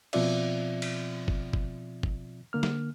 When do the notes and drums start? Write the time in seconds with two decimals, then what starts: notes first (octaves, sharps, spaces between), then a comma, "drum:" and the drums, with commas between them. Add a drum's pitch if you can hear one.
0.13 B2 F3 C4 F4 D5 E5, drum: cymbal
0.82 drum: cymbal
1.28 drum: kick
1.53 drum: kick
2.03 drum: kick
2.53 D3 A#3 F6
2.63 drum: snare